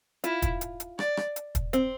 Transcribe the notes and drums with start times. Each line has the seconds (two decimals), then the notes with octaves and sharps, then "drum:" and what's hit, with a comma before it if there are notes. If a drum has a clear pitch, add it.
0.24 E4 F4, drum: hi-hat
0.42 drum: kick, hi-hat
0.61 drum: hi-hat
0.80 drum: hi-hat
0.99 D5, drum: rim click
1.17 drum: rim click
1.36 drum: hi-hat
1.55 drum: kick, hi-hat
1.73 C4, drum: hi-hat